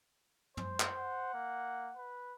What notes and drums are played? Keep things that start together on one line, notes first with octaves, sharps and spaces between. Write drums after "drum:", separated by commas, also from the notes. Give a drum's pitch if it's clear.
C5, drum: tom
drum: clap
F#5
A#3
B4